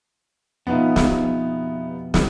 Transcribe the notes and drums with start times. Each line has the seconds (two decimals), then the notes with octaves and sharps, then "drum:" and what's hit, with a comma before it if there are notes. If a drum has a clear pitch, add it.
0.67 F2 B2 B3 D#4 F4 G4 B4 E5
0.96 drum: snare
2.14 drum: snare